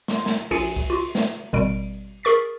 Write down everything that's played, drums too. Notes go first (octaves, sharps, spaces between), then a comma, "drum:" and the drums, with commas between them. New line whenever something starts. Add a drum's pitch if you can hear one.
C6, drum: snare
drum: snare
A#1 F4 G#4 G#5 C#7, drum: open hi-hat
drum: kick
F4 F#4
drum: snare
G#1 B2 G3 D7
G#4 A#4 C#6 A6 B6